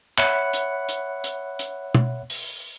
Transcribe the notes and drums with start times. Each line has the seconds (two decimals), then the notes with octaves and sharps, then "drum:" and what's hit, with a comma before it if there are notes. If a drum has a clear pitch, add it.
0.18 C#5 E5 F#5 B5 F#6 C#7, drum: clap
0.53 drum: hi-hat
0.89 drum: hi-hat
1.24 drum: hi-hat
1.59 drum: hi-hat
1.95 drum: tom
2.30 drum: open hi-hat